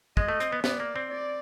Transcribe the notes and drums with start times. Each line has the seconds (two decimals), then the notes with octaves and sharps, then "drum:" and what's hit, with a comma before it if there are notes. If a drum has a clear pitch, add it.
0.17 G#3 D#5, drum: kick
0.29 A3
0.40 C4, drum: hi-hat
0.52 B3
0.64 B3 D5, drum: snare
0.80 A#3
0.96 C4
1.11 D5